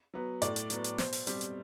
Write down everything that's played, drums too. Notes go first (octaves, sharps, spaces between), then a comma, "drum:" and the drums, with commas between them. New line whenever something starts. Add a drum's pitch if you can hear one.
F#3 B3
A2 D5, drum: hi-hat
drum: hi-hat
F#3 B3, drum: hi-hat
drum: hi-hat
B2 C5, drum: snare
drum: open hi-hat
G3 C4, drum: hi-hat
drum: hi-hat